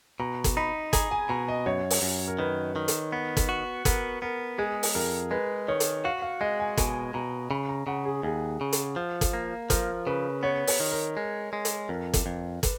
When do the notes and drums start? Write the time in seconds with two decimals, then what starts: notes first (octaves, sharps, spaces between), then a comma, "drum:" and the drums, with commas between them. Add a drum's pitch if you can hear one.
0.20 B2 A#5
0.44 drum: kick, hi-hat
0.57 D#4 B5
0.93 G#4 A#5, drum: kick, hi-hat
1.11 G#5
1.29 B2 A#5
1.48 D#5
1.66 F#2 C#5
1.90 drum: open hi-hat
2.02 F#2
2.28 A#4
2.39 D#3 B4
2.76 D#3
2.88 drum: hi-hat
3.12 B3
3.37 drum: kick, hi-hat
3.49 F#4
3.85 B3 A#4, drum: kick, hi-hat
4.22 B3 A#4
4.58 G#3 G#4
4.83 drum: open hi-hat
4.95 F2 A#4
5.31 G#3 B4
5.68 D#3 C#5
5.80 drum: hi-hat
6.04 F#4 F5
6.22 F5
6.41 G#3 D#5
6.60 G#5
6.77 B2 G#5, drum: kick, hi-hat
7.14 B2 A#5
7.51 C#3 B5
7.69 A#5
7.87 C#3 F#5
8.05 G#4
8.23 D#2 G#4
8.61 C#3
8.72 drum: hi-hat
8.96 F3
9.21 drum: kick, hi-hat
9.33 A#3
9.70 F3 A#4, drum: kick, hi-hat
10.07 C#3 B4
10.43 B3 C#5
10.67 C#5, drum: open hi-hat
10.80 D#3
10.92 A#4
11.17 G#3
11.53 G#3
11.65 drum: hi-hat
11.89 F2 A#4
12.14 drum: kick, hi-hat
12.26 F2
12.63 B4, drum: kick, hi-hat